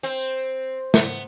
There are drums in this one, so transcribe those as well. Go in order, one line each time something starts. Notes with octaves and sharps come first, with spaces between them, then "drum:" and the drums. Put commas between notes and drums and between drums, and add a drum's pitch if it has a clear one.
C4, drum: hi-hat
B3, drum: snare